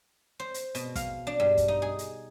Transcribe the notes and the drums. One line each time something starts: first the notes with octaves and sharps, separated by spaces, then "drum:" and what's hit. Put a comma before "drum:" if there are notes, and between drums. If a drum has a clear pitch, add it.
C5
drum: hi-hat
B2, drum: hi-hat
F5, drum: kick, hi-hat
D4
G2
drum: kick, hi-hat
D#4
G#4
drum: hi-hat